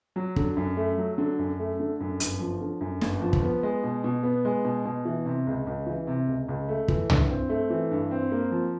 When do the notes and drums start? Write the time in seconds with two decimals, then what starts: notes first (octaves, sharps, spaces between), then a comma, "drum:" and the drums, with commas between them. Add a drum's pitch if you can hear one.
0.16 F#3
0.36 D3, drum: kick
0.57 F#2
0.77 A3
0.98 F#3
1.18 D3
1.39 F#2
1.60 A3
1.80 D3
2.00 F#2
2.20 G1, drum: hi-hat
2.40 F3
2.61 D3
2.81 F#2
3.01 G1, drum: snare
3.22 F3
3.33 drum: kick
3.43 B3
3.63 G#3
3.84 B2
4.04 B2
4.23 B3
4.45 G#3
4.65 B2
4.85 B2
5.05 E3
5.26 C3
5.47 C#2
5.67 C#2
5.86 E3
6.07 C3
6.27 C#2
6.48 C#2
6.69 A3
6.88 E3, drum: kick
7.10 G2, drum: tom
7.30 C4
7.50 A3
7.70 E3
7.91 G2
8.11 C4
8.32 A#3
8.52 F3